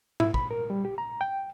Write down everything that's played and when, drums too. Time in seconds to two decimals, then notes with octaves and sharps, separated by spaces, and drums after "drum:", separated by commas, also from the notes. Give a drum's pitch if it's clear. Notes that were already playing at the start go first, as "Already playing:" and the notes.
0.20 E4, drum: tom G#2
0.34 B5, drum: kick
0.51 A#4
0.70 G3
0.85 G4
0.98 A#5
1.21 G5